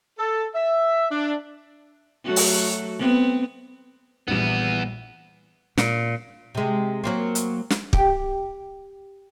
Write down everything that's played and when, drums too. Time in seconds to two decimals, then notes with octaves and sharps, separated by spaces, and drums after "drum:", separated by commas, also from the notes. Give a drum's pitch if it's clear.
0.19 A4
0.55 E5
1.12 D4
2.24 F#3 A3 F#4
2.36 drum: open hi-hat
2.99 B3 C4
4.28 A#1 E2 G3 B3
5.78 A#2, drum: snare
6.55 C3 G#3
7.04 F#3 A#3 C4
7.35 drum: hi-hat
7.70 drum: snare
7.93 G4, drum: kick